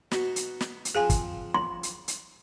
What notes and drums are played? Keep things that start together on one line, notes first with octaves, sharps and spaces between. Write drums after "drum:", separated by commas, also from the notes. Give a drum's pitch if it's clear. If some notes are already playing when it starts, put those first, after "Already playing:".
B2 D#4 F#4, drum: snare
drum: hi-hat
drum: snare
drum: hi-hat
F3 C4 G#4 F5 G#5
drum: kick, hi-hat
C6
drum: hi-hat
drum: hi-hat